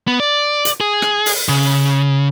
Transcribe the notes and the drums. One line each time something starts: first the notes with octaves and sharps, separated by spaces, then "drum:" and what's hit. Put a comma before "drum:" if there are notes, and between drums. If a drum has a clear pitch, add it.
B3
D5
drum: hi-hat
G#4
drum: rim click
drum: open hi-hat
C#3